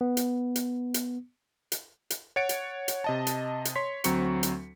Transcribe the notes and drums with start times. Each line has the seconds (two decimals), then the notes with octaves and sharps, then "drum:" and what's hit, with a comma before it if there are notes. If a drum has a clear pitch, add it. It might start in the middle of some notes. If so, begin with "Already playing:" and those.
0.01 B3
0.17 drum: hi-hat
0.56 drum: hi-hat
0.94 drum: hi-hat
1.72 drum: hi-hat
2.10 drum: hi-hat
2.36 C#5 F#5 A6 C#7 D7
2.49 drum: hi-hat
2.88 drum: hi-hat
3.04 C3 D#5 A5
3.27 drum: hi-hat
3.65 drum: hi-hat
3.76 C#5 C6 B6
4.04 D2 F#3 C4 A#5 C#6 C#7, drum: hi-hat
4.43 drum: hi-hat